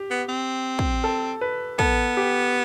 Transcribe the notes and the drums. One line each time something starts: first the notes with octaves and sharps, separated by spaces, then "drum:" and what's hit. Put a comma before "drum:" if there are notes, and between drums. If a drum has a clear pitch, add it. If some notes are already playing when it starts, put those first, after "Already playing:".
Already playing: G4
B3
C4
drum: kick
A4
B4
B3 A4, drum: kick
G4